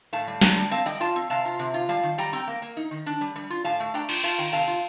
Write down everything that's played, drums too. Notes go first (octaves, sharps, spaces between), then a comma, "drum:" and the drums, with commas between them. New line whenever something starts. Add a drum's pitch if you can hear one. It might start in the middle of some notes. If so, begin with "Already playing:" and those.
A2 F5 A5
G3
D4 G5 A#5, drum: snare
G3
C4 F5 A5
G3 D#5 G5
F4 F5 A5
C4
C3 F5 A5
F4
C3
F4
G3 F5 A5
D#3
G3 G5 A#5
C4 G5 A#5
A#3
A#3
D#4
D#3
D4
G3
G3
F4
A2 F5 A5
A3
D4 G5 A#5
F4, drum: cymbal
F4 F5 A5, drum: cymbal
D#3 G5 A#5
C3 F5 A5
F4